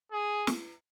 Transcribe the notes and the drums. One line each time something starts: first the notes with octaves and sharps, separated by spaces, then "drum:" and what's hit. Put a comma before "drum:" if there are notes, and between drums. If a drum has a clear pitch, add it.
G#4
drum: snare